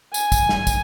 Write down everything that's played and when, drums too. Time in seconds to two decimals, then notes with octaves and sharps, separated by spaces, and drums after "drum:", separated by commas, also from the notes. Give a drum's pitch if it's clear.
0.14 G#5, drum: tambourine
0.32 drum: kick, tambourine
0.49 drum: snare
0.67 drum: kick, tambourine